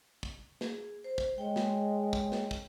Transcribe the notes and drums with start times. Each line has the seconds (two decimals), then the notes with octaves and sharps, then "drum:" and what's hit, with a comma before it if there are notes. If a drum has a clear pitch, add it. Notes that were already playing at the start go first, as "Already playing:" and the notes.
0.23 drum: kick
0.61 G#4, drum: snare
1.04 C5
1.18 drum: kick
1.38 G#3 C#5 G5
1.56 drum: snare
2.13 drum: kick
2.32 drum: snare
2.51 drum: kick